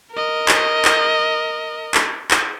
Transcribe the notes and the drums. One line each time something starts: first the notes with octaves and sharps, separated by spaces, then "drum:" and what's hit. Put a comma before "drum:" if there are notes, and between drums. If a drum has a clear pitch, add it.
A#4 D#5
drum: clap
drum: clap
drum: clap
drum: clap